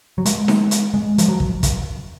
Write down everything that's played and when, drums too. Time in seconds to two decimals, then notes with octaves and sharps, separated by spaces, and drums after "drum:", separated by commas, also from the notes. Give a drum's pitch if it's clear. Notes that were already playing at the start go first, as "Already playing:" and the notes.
0.18 F#3
0.26 G#3, drum: hi-hat
0.48 drum: snare D#4
0.71 drum: hi-hat
0.94 G#3
1.18 F3, drum: hi-hat
1.28 F#3
1.40 drum: kick
1.63 drum: kick, hi-hat